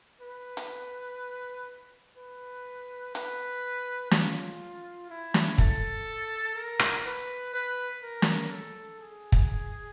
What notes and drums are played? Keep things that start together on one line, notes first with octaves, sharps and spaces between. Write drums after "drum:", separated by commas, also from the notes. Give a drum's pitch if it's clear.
B4
drum: hi-hat
B4
B4, drum: hi-hat
F4, drum: snare
E4
drum: snare
A4, drum: kick
A#4
drum: rim click
B4
B4
A#4
drum: snare
A4
G#4
drum: kick